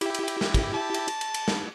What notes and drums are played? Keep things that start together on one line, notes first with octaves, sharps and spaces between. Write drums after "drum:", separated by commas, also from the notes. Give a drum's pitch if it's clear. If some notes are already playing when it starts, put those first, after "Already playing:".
E4 G4, drum: cymbal
drum: cymbal
drum: cymbal
drum: snare
drum: kick, cymbal
A5
drum: cymbal
drum: cymbal
drum: cymbal
drum: cymbal
drum: snare